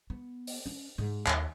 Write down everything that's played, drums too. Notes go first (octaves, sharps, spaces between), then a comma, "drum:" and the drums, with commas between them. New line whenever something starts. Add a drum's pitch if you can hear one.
B3
drum: open hi-hat
C#4
G#2
D#2, drum: clap